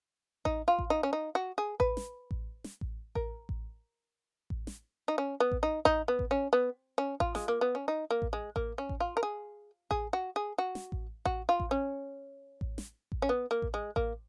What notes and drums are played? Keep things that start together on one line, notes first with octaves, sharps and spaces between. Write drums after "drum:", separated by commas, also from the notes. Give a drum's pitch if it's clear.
D#4, drum: kick A1
F4
drum: kick A1
D#4
C#4
D#4
F#4
G#4
B4, drum: kick A1
drum: snare
drum: kick A1
drum: snare
drum: kick A1
A#4, drum: kick A1
drum: kick A1
drum: kick A1
drum: snare
D#4
C#4
B3
drum: kick A1
D#4
D#4, drum: kick A1
B3
drum: kick A1
C#4
B3
C#4
F4, drum: kick A1
G#3, drum: snare
A#3
B3
C#4
D#4
A#3
drum: kick A1
G#3
A#3, drum: kick A1
C#4
drum: kick A1
F4
A#4
G#4
G#4, drum: kick A1
F#4
G#4
F#4
drum: snare
drum: kick A1
F#4, drum: kick A1
F4
drum: kick A1
C#4
drum: kick A1
drum: snare
drum: kick A1
C#4
B3
A#3
drum: kick A1
G#3
A#3, drum: kick A1